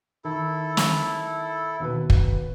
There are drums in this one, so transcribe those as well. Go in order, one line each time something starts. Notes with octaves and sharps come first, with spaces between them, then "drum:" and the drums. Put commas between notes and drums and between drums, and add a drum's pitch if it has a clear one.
D#3 E4 A4
drum: snare
D#2 B2 B4
drum: kick